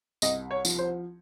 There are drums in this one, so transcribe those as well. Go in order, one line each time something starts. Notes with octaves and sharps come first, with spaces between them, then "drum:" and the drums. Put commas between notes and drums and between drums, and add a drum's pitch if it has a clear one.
C2 D#5, drum: tambourine
C#5
F3, drum: tambourine
C5